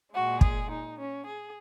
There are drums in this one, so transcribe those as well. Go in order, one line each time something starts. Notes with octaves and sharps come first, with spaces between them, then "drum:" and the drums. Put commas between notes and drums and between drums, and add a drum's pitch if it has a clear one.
A#2 G#3 F#4
G#4, drum: kick
D#4
C#4
G#4